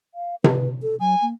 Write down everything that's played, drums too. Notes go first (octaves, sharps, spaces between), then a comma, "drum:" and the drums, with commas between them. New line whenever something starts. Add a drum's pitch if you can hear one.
F5
B4, drum: tom C3
A4
F#3 G#5
A#3